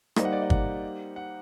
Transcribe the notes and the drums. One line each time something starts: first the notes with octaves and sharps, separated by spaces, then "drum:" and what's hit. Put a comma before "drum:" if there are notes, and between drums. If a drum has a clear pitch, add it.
G3 A#3 D#4 G4 C5 D#5, drum: rim click
F#5
D5
D#5
F#5, drum: kick G1
F#5